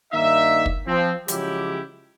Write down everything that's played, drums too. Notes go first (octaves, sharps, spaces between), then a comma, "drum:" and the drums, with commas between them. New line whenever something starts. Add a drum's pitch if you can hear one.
G2 D#3 A#3 D#4 E5
drum: kick
F3 C4
C#3 F3 F#3 G#3 E4 G4, drum: hi-hat